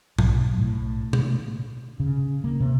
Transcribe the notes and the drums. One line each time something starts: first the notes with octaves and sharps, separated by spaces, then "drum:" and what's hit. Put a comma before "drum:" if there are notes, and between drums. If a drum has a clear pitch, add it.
B1, drum: tom G#2
A2
drum: tom
C#3
A#3
C3